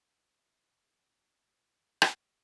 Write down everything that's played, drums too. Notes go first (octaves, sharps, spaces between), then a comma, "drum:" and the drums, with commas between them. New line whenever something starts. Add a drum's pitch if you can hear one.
A#5 B5 D6
E2 C#3 C4 F4 C#5 D#7
A4 C5 A5 E6
C2
drum: rim click